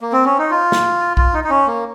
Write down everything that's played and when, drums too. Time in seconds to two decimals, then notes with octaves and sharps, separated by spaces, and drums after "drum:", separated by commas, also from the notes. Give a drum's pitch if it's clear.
0.00 A#3
0.13 C4
0.25 C#4
0.38 D#4
0.50 F4
0.72 drum: snare
1.17 F4, drum: kick B1
1.34 D#4
1.44 D#4
1.50 C#4
1.67 A#3